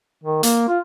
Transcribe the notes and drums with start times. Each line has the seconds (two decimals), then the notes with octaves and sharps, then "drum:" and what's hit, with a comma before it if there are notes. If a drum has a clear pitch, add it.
0.24 D#3
0.43 A#3, drum: hi-hat
0.68 F4